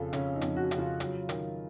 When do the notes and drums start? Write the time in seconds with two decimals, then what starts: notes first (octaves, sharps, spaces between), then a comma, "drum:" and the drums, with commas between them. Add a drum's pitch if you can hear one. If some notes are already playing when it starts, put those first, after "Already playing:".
Already playing: F2 C#3 F3 A4
0.13 C#3 C#4, drum: hi-hat
0.35 D#4
0.41 F2, drum: hi-hat
0.56 F#4
0.71 C#3, drum: hi-hat
0.78 F4
1.00 F#3, drum: hi-hat
1.29 D#3, drum: hi-hat